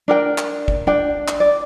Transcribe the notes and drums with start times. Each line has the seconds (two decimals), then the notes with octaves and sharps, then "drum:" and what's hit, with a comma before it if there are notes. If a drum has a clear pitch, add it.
0.08 D4 A#4 G5
0.38 drum: clap
0.68 drum: kick
0.87 D4 G5
1.28 drum: clap
1.40 D5